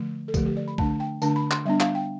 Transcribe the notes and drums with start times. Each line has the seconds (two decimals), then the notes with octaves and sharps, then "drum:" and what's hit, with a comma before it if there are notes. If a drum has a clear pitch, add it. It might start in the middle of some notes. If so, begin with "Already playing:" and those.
Already playing: D3 F3 A3
0.28 A4
0.34 D3 F3 A3 G4, drum: kick, tambourine
0.46 G4
0.57 D5
0.68 B5
0.78 D3 A3 D4 A5, drum: kick
1.00 G5
1.22 D3 A3 D4 A5, drum: tambourine
1.36 B5
1.51 C6, drum: clap
1.66 G3 B3 D4 E5
1.80 F5, drum: clap
1.95 G5